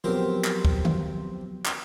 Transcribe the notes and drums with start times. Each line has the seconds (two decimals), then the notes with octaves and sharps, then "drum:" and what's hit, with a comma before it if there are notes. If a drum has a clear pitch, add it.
0.04 F3 F#3 B3 C4 G4 A#4
0.44 drum: clap
0.65 drum: kick
0.85 drum: tom D#3
1.66 drum: clap